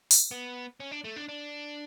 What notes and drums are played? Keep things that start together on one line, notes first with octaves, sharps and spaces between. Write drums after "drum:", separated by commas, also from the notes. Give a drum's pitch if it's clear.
drum: open hi-hat
B3
C#4
D4
A3
D4
D4